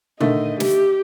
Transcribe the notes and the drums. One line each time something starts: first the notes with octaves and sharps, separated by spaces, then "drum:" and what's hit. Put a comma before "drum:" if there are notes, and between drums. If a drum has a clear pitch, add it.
D3 D#3 A3 D#5, drum: tom
G4, drum: snare